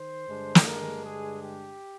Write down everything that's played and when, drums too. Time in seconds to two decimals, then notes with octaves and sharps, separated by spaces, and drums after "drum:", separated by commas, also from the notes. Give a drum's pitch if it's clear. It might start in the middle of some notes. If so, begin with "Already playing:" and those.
Already playing: D#3 C5
0.26 G2 D3 G#3 D4
0.55 drum: snare
0.65 A#4
1.03 G#4
1.41 G4